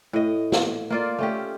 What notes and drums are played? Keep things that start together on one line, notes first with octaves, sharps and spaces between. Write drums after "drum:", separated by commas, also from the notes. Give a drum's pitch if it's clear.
A2 D#5
drum: snare
A#3 F4 D5
A3 C#4 G4